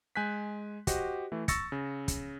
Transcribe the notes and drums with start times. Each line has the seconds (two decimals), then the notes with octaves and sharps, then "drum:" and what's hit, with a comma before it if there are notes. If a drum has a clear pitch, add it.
0.16 G#3 G#5 F#6 G6 B6
0.87 F#4 G4 C5 D#5, drum: kick, hi-hat
1.32 E3 A3
1.48 C#6 E6 A6 A#6 C#7, drum: kick, hi-hat
1.72 C#3
2.08 drum: kick, hi-hat